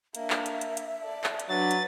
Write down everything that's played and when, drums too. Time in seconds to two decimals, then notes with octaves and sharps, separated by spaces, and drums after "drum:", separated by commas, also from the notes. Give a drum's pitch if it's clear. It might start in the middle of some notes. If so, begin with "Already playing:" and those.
0.15 A#3 D4 E5, drum: hi-hat
0.30 drum: clap
0.46 drum: hi-hat
0.61 drum: hi-hat
0.77 drum: hi-hat
1.01 A4 D5
1.24 drum: clap
1.40 drum: hi-hat
1.49 F#3 D4 B4 F#5 A6
1.71 drum: hi-hat